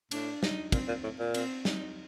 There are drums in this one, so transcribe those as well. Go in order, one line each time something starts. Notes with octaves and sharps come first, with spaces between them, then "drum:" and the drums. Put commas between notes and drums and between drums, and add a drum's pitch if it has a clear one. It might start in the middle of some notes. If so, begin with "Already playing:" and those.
A2 D4, drum: cymbal
D#4, drum: snare
A#2 C4, drum: kick, cymbal
A#2
A2
A#2
C4, drum: cymbal
D#4, drum: snare